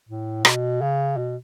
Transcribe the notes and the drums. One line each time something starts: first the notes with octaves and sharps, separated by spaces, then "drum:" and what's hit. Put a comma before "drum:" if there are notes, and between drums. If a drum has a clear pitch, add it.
A2
B2, drum: rim click
C#3
B2